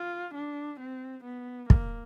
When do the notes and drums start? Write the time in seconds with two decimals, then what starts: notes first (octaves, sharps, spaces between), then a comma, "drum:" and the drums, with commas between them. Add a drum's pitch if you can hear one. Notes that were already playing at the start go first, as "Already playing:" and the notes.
Already playing: F4
0.35 D4
0.80 C4
1.24 B3
1.70 A#3, drum: kick